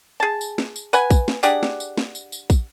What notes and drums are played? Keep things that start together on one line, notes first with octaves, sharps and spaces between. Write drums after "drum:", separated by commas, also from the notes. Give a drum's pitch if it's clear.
G#4 A5
drum: tambourine
drum: snare
drum: tambourine
B4 F#5 G#5, drum: tambourine
drum: kick, tambourine
drum: snare
D4 G4 G#4 F#5, drum: tambourine
drum: snare
drum: tambourine
drum: snare
drum: tambourine
drum: tambourine
drum: kick, tambourine